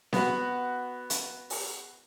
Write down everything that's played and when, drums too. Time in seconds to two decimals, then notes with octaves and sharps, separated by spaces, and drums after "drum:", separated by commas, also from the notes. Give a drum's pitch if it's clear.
0.13 B3 F#4, drum: snare C4
1.10 drum: hi-hat
1.50 drum: open hi-hat